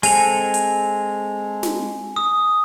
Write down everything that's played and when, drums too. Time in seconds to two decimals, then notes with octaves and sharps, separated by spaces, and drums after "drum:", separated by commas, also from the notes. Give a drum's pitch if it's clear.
0.03 G#3 C4 A4 G#5 F7, drum: open hi-hat
0.54 drum: hi-hat
1.63 drum: snare
2.16 D#6